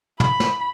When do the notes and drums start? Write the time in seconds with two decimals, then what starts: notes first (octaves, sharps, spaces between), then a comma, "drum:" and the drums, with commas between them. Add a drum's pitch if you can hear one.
0.20 B5, drum: tom
0.40 drum: snare